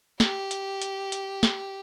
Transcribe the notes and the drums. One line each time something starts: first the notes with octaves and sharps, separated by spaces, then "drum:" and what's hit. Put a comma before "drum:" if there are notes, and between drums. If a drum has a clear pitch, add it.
G4, drum: snare
drum: hi-hat
drum: hi-hat
drum: hi-hat
drum: snare